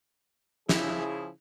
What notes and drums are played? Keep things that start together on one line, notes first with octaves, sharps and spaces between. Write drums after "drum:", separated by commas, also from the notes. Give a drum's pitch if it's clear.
C#3 F3 E4 G#4, drum: snare